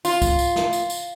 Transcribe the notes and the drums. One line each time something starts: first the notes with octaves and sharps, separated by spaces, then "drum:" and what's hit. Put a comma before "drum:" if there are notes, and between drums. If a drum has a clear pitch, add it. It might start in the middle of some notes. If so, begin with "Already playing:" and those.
F4, drum: tambourine
drum: kick C2, tambourine
drum: tambourine
drum: snare
drum: tambourine
drum: tambourine